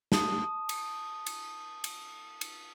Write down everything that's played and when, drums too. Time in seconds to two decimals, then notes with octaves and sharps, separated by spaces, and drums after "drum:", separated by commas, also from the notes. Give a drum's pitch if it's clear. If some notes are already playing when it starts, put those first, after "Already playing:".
0.12 A5 D#6, drum: snare
0.69 drum: cymbal
1.26 drum: cymbal
1.84 drum: cymbal
2.41 drum: cymbal